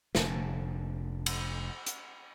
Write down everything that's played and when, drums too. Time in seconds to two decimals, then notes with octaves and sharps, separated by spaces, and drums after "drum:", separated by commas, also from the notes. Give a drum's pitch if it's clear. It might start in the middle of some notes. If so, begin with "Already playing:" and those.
0.15 F1 D3, drum: snare
1.26 drum: cymbal
1.86 drum: hi-hat